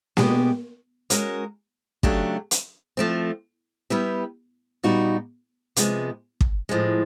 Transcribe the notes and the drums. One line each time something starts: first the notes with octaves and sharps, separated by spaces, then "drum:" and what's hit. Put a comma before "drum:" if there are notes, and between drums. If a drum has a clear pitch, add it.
B2 G#3 B3 D4 G4, drum: snare A#3
G#3 C#4 F#4 A#4, drum: hi-hat
C#3 F#3 A3 D4 G4, drum: kick
drum: hi-hat
F3 A3 C4
G3 B3 E4 G4 B4
A#2 G3 B3 D#4 F#4
C3 F3 G#3 B3, drum: hi-hat
drum: kick
A2 F3 G#3